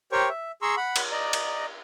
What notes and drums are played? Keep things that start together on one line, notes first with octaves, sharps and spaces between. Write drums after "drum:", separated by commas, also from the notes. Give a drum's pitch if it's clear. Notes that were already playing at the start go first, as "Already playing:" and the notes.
G4 A#4 C5 C#5 G5 C#6
E5
G#4 A#5 C6 C#6 E6
F#5 B5
drum: cymbal
D5 D#5 A#5
drum: cymbal